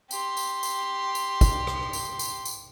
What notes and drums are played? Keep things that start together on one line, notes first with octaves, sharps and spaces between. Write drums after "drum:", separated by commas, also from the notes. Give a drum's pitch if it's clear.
G4 C6, drum: tambourine
drum: tambourine
drum: tambourine
drum: tambourine
drum: kick, tambourine
drum: rim click
drum: tambourine
drum: tambourine
drum: tambourine